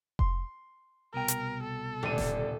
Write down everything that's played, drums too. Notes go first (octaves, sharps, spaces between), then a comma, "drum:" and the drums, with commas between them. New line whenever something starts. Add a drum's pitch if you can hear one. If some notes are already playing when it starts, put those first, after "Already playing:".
C6, drum: kick F1
C2 B2 A#4 G5
drum: hi-hat
A4
D#1 D3 D#7
drum: snare E1